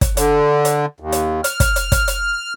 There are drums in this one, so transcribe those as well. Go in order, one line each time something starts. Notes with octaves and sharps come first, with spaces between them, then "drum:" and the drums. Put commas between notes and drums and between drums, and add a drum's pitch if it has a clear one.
drum: kick, hi-hat
D3, drum: hi-hat
drum: hi-hat
D#2
drum: hi-hat
F6, drum: hi-hat
drum: kick, hi-hat
drum: hi-hat
drum: kick, hi-hat
drum: hi-hat